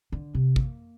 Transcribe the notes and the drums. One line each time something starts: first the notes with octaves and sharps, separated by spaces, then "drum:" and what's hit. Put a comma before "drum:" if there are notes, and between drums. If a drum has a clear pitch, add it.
D3
C3
A#3, drum: kick